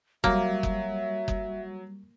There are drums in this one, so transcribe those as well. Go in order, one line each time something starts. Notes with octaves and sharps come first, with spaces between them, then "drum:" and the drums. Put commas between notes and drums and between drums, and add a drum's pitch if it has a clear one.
F#3 G3 A#3 E5, drum: kick F#1
drum: kick F#1
drum: kick F#1